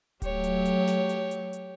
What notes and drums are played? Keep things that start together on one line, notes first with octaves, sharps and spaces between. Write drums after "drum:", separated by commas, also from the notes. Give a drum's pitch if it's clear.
F#3 A3 G4 C#5, drum: kick D1, hi-hat
drum: hi-hat
drum: hi-hat
drum: snare
drum: hi-hat
drum: hi-hat
drum: hi-hat